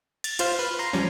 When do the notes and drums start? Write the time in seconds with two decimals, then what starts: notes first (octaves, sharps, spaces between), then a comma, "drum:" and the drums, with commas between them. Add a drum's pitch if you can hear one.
0.24 A6, drum: cymbal
0.39 F4 C5 F5, drum: cymbal
0.59 B4
0.79 A#5 C6
0.93 F3 G3 C#4